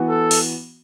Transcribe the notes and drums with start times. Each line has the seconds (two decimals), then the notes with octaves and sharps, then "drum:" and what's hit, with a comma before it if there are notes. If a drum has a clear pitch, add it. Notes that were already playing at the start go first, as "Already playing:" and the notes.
Already playing: E3 B3 F#4
0.08 A4
0.31 drum: open hi-hat